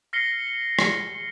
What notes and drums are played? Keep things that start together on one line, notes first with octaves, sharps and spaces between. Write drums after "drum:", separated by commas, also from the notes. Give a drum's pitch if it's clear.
F6 A#6 C7 C#7 G7
drum: rim click